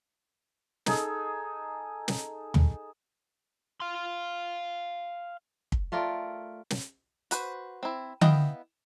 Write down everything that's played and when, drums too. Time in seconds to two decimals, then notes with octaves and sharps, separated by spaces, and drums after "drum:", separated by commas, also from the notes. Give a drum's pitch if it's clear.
0.86 D#4 G#4 A4, drum: snare
2.08 drum: snare
2.54 drum: tom
3.80 F5 C6
5.72 drum: kick
5.92 A3 F4 A#4 D5
6.70 drum: snare
7.31 F#4 B4 C5, drum: hi-hat
7.83 C4 E4
8.21 B3 E4 D#5 F5 G5, drum: tom D3